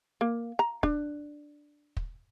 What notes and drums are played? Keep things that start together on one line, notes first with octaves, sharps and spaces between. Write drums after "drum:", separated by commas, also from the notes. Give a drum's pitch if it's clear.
A#3
A#5
D4, drum: kick
drum: kick